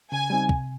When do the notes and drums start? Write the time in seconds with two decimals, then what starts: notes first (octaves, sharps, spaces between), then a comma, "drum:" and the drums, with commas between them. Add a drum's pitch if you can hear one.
0.12 C#3 G#5
0.30 G3 C4 D#4
0.49 C3, drum: kick